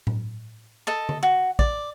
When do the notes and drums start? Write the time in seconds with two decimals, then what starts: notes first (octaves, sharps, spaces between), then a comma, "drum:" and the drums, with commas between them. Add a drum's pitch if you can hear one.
0.07 drum: tom A2
0.87 A4 D#5 A5
1.09 drum: tom D3
1.23 F#4
1.59 D5, drum: kick A1